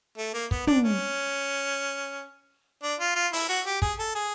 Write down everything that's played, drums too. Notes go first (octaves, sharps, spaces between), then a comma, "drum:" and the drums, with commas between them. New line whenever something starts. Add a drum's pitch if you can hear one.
A3
A#3
B3, drum: kick
D4, drum: tom
C#4
D4
F4
F4
E4, drum: open hi-hat
F#4
G4
G#4, drum: kick
A4
G#4